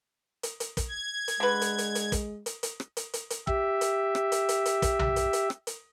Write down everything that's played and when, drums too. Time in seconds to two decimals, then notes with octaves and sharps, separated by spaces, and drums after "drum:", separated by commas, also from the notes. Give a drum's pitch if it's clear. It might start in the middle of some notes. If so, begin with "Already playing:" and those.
0.43 drum: hi-hat
0.60 drum: hi-hat
0.77 drum: kick, hi-hat
0.88 G#6
1.28 drum: hi-hat
1.40 D3 G#3 B4
1.61 drum: hi-hat
1.78 drum: hi-hat
1.95 drum: hi-hat
2.12 drum: kick, hi-hat
2.46 drum: hi-hat
2.63 drum: hi-hat
2.80 drum: rim click
2.97 drum: hi-hat
3.13 drum: hi-hat
3.30 drum: hi-hat
3.47 G4 E5, drum: kick
3.81 drum: hi-hat
4.15 drum: rim click
4.32 drum: hi-hat
4.49 drum: hi-hat
4.66 drum: hi-hat
4.82 drum: kick, hi-hat
4.99 drum: tom B1
5.16 drum: hi-hat
5.33 drum: hi-hat
5.50 drum: rim click
5.67 drum: hi-hat